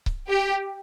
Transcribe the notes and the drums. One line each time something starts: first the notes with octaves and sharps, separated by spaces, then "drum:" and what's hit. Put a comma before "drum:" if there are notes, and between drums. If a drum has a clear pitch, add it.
drum: kick C#1
G4